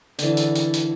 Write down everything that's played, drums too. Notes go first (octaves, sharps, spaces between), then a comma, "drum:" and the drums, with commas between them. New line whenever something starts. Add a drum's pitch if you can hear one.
D3 E3, drum: hi-hat
drum: hi-hat
drum: hi-hat
drum: hi-hat